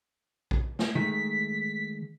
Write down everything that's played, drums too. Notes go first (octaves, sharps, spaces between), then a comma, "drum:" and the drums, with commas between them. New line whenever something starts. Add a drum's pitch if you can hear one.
drum: kick A#1
drum: snare
D#3 G#3 A3 B6